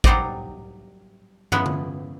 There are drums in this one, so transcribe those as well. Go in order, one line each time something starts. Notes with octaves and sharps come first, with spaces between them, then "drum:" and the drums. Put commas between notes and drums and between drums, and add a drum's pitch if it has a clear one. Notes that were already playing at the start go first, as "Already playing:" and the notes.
F#3 G3 D#4 C5 D5 D#5, drum: kick
F3 G#3 B3 C#4 E4, drum: tom
drum: tom